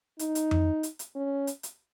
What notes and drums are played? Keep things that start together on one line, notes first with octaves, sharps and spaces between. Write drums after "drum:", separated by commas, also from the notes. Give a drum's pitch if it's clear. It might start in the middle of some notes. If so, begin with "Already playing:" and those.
D#4, drum: hi-hat
drum: hi-hat
drum: tom F2
drum: hi-hat
drum: hi-hat
C#4
drum: hi-hat
drum: hi-hat